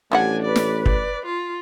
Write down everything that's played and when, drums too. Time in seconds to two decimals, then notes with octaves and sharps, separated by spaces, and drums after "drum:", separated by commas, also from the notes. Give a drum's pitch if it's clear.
0.12 A1 F3 G3 D4 F#5 G#5
0.42 B4 D5
0.56 drum: snare
0.86 D5, drum: kick
1.25 F4